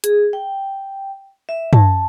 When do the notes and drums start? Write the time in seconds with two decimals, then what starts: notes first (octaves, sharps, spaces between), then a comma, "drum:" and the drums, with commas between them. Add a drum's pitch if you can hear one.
0.04 G#4, drum: hi-hat
0.33 G5
1.49 E5
1.73 A5, drum: tom